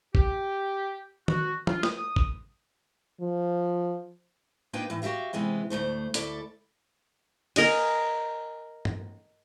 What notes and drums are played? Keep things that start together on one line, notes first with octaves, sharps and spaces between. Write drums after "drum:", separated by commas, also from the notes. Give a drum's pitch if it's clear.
G4, drum: kick
F#4, drum: tom D#3
F4, drum: tom
D#6, drum: snare
drum: kick
F3
A#3 D4 D#4 F4 B4 G5
A2 E3
F#4 G4 A#4 E5 F5
C3 E3 G#3 B3 C4
D2 G2 A3 C5
D2 E4 A4 D5, drum: hi-hat
A#4 D#5 G#5, drum: cymbal
drum: tom G2